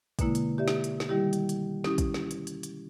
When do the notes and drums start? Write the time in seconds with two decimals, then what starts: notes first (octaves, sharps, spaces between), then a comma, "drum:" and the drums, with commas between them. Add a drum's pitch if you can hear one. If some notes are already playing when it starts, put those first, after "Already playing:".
0.19 B2 D3 G#3 A#3 E4, drum: kick, hi-hat
0.35 drum: hi-hat
0.58 G4 D5 E5
0.68 drum: snare
0.84 drum: hi-hat
1.00 drum: snare
1.09 D#3 G3 E4 G4
1.33 drum: hi-hat
1.49 drum: hi-hat
1.84 C#4 E4 G4 D#6, drum: snare
1.98 drum: kick, hi-hat
2.14 drum: snare
2.31 drum: hi-hat
2.47 drum: hi-hat
2.63 drum: hi-hat